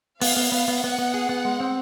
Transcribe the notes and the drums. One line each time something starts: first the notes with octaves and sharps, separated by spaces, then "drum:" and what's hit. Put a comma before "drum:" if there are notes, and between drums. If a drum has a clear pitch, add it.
B3 F5, drum: open hi-hat
B3
B3
B3
B3 F#5
B3
G#4
B3
G#3
C4